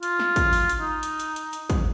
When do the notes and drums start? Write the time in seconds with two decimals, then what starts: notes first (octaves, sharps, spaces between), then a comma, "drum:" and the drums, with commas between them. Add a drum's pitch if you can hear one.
0.03 F4, drum: hi-hat
0.19 drum: snare
0.36 drum: kick, hi-hat
0.53 drum: open hi-hat
0.69 drum: hi-hat
0.81 D#4
1.03 drum: hi-hat
1.20 drum: hi-hat
1.36 drum: hi-hat
1.53 drum: hi-hat
1.70 drum: kick, hi-hat